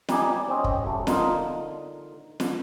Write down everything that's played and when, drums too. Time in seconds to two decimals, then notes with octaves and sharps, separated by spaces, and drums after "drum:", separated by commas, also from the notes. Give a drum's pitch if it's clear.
0.09 G3 D#4 D5 G#5, drum: snare
0.48 C4 C#4 G4 D#5
0.64 drum: kick
0.83 C2 F#2 A3
1.07 D3 D#4 F4 A#4, drum: snare
2.40 drum: snare